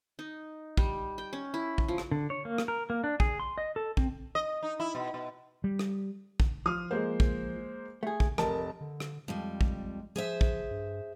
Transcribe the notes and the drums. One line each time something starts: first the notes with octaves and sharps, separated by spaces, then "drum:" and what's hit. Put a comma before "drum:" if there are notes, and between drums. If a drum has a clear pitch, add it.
D#4
G3, drum: kick
G5
C#4
E4
drum: kick
F3
drum: rim click
D3
C#5
A#3
drum: rim click
A#4
A#3
D4
G#4, drum: kick
C6
D#5
A4
C4, drum: kick
D#5
D#4
E4
B2
B2
G3
drum: rim click
drum: kick
F3 D#6 F6
G#3 A#3 C5
drum: kick
A3 G#4
drum: kick
F1 A#4 A5, drum: rim click
D3
drum: rim click
F2 G3 G#3
drum: kick
F3 G#4 C5 E5
drum: kick
G2